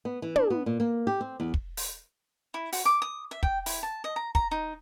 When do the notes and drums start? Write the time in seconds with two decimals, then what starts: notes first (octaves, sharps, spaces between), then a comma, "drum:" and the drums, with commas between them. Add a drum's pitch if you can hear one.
0.05 B3
0.22 E3
0.36 D4, drum: tom
0.50 B3
0.66 A#2
0.80 A#3
1.07 G4
1.21 C4
1.40 E2
1.54 drum: kick
1.77 drum: open hi-hat
2.54 E4
2.72 F#4, drum: open hi-hat
2.85 D6
3.02 D#6
3.31 E5
3.43 G5, drum: kick
3.66 E4, drum: open hi-hat
3.83 A5
4.04 D#5
4.16 A#5
4.35 A#5, drum: kick
4.51 D#4